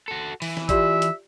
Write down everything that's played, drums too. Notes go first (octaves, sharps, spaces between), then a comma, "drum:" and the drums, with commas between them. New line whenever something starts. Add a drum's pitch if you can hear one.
F#4 A4
E3, drum: open hi-hat
drum: snare
F4 G4 D5 E5, drum: kick A1, hi-hat
drum: hi-hat